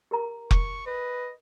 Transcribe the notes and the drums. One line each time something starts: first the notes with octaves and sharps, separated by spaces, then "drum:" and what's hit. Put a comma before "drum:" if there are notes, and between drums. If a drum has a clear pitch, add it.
G4 A#4 A#5
C#6, drum: kick F1
B4 D#5